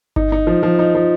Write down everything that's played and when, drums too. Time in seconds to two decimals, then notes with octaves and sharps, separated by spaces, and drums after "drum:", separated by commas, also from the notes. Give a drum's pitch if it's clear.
0.16 D#4, drum: kick G1
0.32 D#4
0.47 F3
0.63 F3
0.79 D#4
0.95 F3